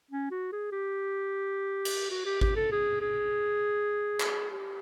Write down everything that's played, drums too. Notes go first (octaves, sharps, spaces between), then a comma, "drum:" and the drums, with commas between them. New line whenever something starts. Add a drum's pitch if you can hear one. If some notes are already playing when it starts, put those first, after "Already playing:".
C#4
F#4
G#4
G4
drum: cymbal
F#4
G4
G4, drum: kick G#1
A4
G#4
G#4
drum: clap
G4